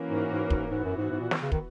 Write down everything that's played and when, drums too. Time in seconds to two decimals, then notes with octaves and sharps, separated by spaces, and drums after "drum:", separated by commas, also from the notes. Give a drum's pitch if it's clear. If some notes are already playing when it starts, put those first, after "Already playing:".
Already playing: E3 A#3 C#4 F#4 A#4
0.10 G#2
0.30 G#2
0.50 G#2, drum: kick
0.70 G#2 E3 B3 F#4
0.84 F#2
0.97 G#2
1.11 G#2
1.21 A#2
1.31 drum: snare
1.42 C#3
1.52 D#3, drum: kick